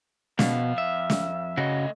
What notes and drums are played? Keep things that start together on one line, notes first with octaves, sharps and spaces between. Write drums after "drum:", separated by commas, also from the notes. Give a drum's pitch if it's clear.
F2 B2 F5, drum: snare
E5
drum: snare
C#3 A3 F#4 D#5